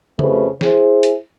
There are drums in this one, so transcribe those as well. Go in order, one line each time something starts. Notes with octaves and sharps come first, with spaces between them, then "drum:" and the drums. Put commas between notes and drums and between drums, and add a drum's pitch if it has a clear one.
F2 C#3 A3 G4 B4 C5, drum: tom C#3
E4 G#4 C5, drum: snare
drum: hi-hat